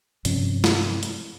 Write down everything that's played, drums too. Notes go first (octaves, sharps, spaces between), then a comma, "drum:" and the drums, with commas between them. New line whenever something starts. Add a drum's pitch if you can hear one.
G2 C3 F3 C#4, drum: hi-hat
drum: snare
drum: hi-hat